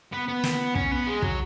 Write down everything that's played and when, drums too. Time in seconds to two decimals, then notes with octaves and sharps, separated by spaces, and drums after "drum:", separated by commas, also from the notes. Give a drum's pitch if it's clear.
0.12 B3
0.28 B3
0.44 drum: snare
0.75 C#4, drum: kick
0.91 B3
1.07 G#3
1.22 F#3, drum: kick